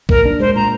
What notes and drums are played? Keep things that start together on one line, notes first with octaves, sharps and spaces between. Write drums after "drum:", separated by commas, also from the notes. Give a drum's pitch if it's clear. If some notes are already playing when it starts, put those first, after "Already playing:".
A#2 A#4, drum: kick
D4
G#3 C5
A#2 A#5